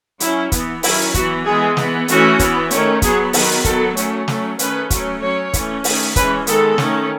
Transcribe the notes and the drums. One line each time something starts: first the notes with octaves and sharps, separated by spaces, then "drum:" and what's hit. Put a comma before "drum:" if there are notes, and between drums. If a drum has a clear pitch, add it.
F#3 C#4 E4, drum: hi-hat
E3 B3, drum: kick, hi-hat
D#3 F#3 C#4 E4, drum: open hi-hat
E3 B3 F#4, drum: kick, hi-hat
E3 G#3 B3 G#4
E3 B3, drum: snare
E3 A3 C#4 F#4, drum: hi-hat
E3 B3, drum: kick, hi-hat
D#3 A3 C#4, drum: hi-hat
F#3 B3 G#4, drum: kick, hi-hat
D#3 F#3 B3 A4, drum: open hi-hat
F#3 B3 A4, drum: kick, hi-hat
F#3 A3 C#4, drum: hi-hat
F#3 A3 C#4, drum: snare
D#3 A3 C#4 B4, drum: hi-hat
F#3 A3 C#4, drum: kick, hi-hat
F#3 C#4 C#5
E3 A3 C#4, drum: kick, hi-hat
D#3 A3 C#4, drum: open hi-hat
E3 G#3 C#4 B4, drum: kick, hi-hat
D#3 G#3 B3 A4, drum: hi-hat
D#3 A3 C#4, drum: snare